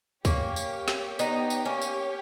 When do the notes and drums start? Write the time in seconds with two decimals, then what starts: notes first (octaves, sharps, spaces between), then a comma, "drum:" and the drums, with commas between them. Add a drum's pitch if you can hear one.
0.25 A#3 C#4 G4 C#5 G5, drum: kick C#2, tambourine
0.56 drum: tambourine
0.88 drum: snare
1.19 B3 D#4, drum: tambourine
1.50 drum: tambourine
1.65 A#3 C#4
1.82 drum: tambourine